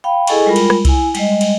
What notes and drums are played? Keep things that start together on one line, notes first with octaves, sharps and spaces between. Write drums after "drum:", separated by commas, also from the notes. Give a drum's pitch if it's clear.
F5 G5 B5
E4 G#4 A4 D#5 G#5 C#6, drum: cymbal
G3 G#3 F4 A#4 B5
drum: cymbal
drum: rim click
E4 G#5, drum: kick C2, cymbal
G3 G#3 D#5, drum: cymbal
drum: cymbal